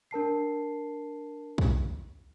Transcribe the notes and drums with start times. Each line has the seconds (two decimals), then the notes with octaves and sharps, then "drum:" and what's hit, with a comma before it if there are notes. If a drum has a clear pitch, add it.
0.11 D4 A#4 A5 C7
1.58 drum: kick